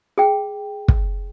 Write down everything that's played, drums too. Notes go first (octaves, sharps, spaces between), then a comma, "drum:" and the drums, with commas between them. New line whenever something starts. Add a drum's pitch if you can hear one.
G#4 G5
drum: kick